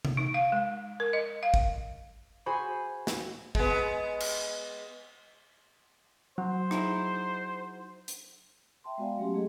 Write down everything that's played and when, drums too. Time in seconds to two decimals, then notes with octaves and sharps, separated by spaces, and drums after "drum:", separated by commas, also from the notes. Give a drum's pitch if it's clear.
0.05 drum: tom C3
0.17 D#4
0.34 F5
0.52 G#3
1.00 A#4
1.13 D#5
1.43 F5
1.54 drum: kick
2.46 F#4 G#4 C5 G#5 B5
3.07 drum: snare
3.55 G#3 B3, drum: kick
4.20 drum: cymbal
6.38 F#3 C5
6.71 D#4 E4 G#4, drum: rim click
8.08 drum: hi-hat
8.84 E5 G5 A5 C6
8.98 G#3 B3 F#4 D5 F5 G#5
9.18 F#3 A3 C#4 G4 C6
9.33 G#3 A3 G4 G#4 D#5